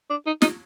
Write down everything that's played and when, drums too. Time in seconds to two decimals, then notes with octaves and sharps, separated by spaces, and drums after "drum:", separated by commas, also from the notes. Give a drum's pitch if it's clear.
0.10 D4
0.26 D#4
0.42 D#4, drum: snare